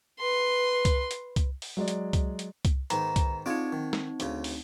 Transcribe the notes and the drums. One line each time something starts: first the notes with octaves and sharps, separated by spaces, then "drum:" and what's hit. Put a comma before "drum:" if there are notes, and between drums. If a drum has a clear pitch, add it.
B4 C6
drum: kick C2, hi-hat
drum: hi-hat
drum: kick C2, hi-hat
drum: open hi-hat
F#3 G#3 D5
drum: hi-hat
drum: kick C2, hi-hat
drum: hi-hat
drum: kick C2, hi-hat
G#2 D#3 B3 A#5, drum: hi-hat
drum: kick C2, hi-hat
C4 D4 D#4 F4 G#4
D#3
drum: snare
D2 C#3, drum: hi-hat
drum: open hi-hat